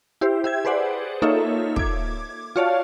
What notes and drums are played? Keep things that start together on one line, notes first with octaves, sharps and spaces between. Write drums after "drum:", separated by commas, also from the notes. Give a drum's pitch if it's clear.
E4 G4 C5
G4 E5 G#6
G#4 B4 C5 D5 F#5
A#3 D#4 F4 A4 C#5 E5
D6 G#6, drum: kick
F4 F#4 C#5 D5 F5 A5